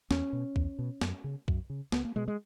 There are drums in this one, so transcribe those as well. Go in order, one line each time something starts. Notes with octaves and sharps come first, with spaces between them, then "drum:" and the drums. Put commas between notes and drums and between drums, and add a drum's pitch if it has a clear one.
E2 C#4, drum: snare
B2
E2, drum: kick B1
B2
F#2, drum: snare
C#3
F#2, drum: kick B1
C#3
C#2 B3, drum: snare
A#3
B2 G#3
G#3